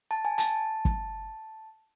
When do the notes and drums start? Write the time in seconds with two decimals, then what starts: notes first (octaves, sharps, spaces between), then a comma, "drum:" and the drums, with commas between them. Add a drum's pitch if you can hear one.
0.11 A5
0.25 G#5
0.38 A5, drum: hi-hat
0.85 drum: kick